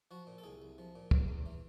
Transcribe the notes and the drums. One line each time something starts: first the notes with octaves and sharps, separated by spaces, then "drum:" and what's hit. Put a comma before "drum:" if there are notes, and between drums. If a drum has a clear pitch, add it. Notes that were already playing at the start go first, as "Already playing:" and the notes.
F3 F#4
A#2
A4
C2 G#4
C2
F3
A#2
E2, drum: kick
E2
E3